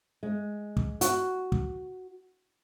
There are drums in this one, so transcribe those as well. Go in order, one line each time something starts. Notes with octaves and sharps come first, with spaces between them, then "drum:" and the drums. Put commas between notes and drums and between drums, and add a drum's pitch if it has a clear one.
G#3
drum: kick
F#4, drum: hi-hat
drum: kick